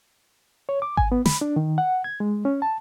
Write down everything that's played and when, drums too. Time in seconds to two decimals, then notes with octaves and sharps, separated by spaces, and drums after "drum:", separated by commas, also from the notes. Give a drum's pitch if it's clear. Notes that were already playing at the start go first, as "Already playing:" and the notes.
0.69 C#5
0.82 D6
0.97 G#5, drum: kick G#1
1.12 B3
1.26 B5, drum: snare
1.41 D4
1.56 D#3
1.78 F#5
2.04 G#6
2.20 G#3
2.45 C#4
2.62 A5